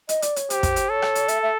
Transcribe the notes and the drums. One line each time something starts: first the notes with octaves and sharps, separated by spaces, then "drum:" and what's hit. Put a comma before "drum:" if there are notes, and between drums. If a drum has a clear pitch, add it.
D#5, drum: hi-hat
D5, drum: hi-hat
C#5, drum: hi-hat
G4 C5, drum: hi-hat
drum: kick, hi-hat
drum: hi-hat
A4 C#5
drum: rim click
drum: hi-hat
E5, drum: hi-hat
E5